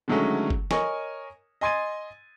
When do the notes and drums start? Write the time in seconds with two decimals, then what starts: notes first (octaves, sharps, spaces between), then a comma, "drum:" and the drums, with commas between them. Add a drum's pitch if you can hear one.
0.08 D3 D#3 F#3 G#3 A3 C#4
0.50 drum: kick F#1
0.71 A#4 C#5 D#5 G#5 C#6, drum: snare
1.61 D#5 G#5 C6 G#6 A6 D#7